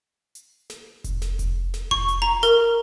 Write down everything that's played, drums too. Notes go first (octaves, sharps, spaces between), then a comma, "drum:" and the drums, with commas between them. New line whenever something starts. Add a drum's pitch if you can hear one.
drum: hi-hat
drum: snare
drum: kick F1, hi-hat
drum: snare
drum: kick F1, hi-hat
drum: snare
C#6, drum: kick F1
drum: hi-hat
A#5
A#4, drum: hi-hat